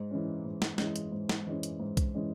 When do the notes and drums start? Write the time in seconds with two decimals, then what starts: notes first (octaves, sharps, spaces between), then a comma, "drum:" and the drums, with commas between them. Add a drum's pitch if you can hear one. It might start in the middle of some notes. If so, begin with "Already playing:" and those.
Already playing: G#2
0.11 E3 G#3 C#4
0.45 G#2
0.62 drum: snare
0.78 E3 G#3 C#4, drum: snare
0.96 drum: hi-hat
1.12 G#2
1.29 drum: snare
1.47 E3 G#3 C#4
1.63 drum: hi-hat
1.80 G#2
1.97 drum: kick B1, hi-hat
2.15 E3 G#3 C#4